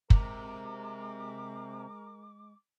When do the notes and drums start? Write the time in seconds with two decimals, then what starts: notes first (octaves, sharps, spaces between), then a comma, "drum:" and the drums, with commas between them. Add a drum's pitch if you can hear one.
0.10 C3 G#3 A#4 D6, drum: kick